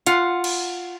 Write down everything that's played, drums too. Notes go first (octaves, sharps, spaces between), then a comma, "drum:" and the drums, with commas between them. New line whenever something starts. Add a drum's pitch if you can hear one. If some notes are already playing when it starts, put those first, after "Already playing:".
F4 F#5, drum: hi-hat
drum: cymbal